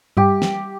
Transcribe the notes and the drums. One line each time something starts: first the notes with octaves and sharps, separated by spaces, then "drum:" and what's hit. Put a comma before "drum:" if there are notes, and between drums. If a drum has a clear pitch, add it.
G3 G4, drum: tom G2
drum: snare